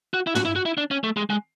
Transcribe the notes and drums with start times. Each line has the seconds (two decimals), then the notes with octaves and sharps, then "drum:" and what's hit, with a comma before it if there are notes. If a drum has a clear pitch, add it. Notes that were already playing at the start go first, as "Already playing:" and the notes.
0.14 F#4
0.27 E4
0.35 F#4, drum: tom
0.45 E4
0.56 F#4
0.65 E4
0.78 D4
0.91 C#4
1.04 A3
1.17 G#3
1.30 G#3